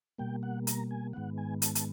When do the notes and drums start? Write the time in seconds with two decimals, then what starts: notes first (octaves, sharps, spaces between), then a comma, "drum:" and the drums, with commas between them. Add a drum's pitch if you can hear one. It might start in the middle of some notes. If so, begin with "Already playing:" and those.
0.18 B2 G3 A#3 G5
0.43 F#5
0.67 A#5, drum: hi-hat
0.91 G#5
1.13 G#2 D#3 G#3 B3 F#5
1.38 G#5
1.62 A5, drum: hi-hat
1.75 A5, drum: hi-hat